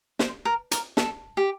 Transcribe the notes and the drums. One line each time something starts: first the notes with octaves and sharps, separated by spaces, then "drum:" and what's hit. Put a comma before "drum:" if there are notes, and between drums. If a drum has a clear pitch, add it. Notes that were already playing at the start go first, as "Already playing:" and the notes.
C5, drum: snare
A#4
A#4, drum: hi-hat
A4, drum: snare
G4